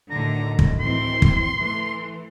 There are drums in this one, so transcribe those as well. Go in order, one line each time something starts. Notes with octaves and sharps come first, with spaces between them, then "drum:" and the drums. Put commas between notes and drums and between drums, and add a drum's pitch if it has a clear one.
D2 A2 D3 D#3 A#5
drum: kick
E3 C4 E4 C6
drum: kick
E3 A3